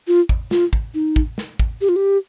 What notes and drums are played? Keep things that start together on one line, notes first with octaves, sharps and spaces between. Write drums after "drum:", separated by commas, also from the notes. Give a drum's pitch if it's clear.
F4
drum: kick
F4, drum: snare
drum: kick
D#4
drum: kick
drum: snare
drum: kick
G4
F4
G4